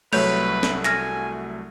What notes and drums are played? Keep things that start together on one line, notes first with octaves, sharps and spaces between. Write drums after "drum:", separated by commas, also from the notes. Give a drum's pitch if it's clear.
C2 F#3 A3 B4 C#5 G6 F7, drum: cymbal
drum: snare
G#5 F6 A#6, drum: clap